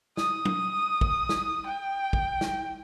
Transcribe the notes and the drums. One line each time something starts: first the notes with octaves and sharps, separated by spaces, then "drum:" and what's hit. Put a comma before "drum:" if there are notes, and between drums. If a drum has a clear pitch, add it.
D#6, drum: snare
drum: tom
drum: kick
drum: snare
G5
drum: kick
drum: snare